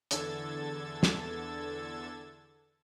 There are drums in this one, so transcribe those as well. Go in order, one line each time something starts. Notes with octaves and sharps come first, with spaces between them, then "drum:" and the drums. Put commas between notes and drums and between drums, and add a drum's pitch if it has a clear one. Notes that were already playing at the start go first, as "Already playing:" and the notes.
E2 D3 A4 E6 G#6 A6, drum: hi-hat
drum: snare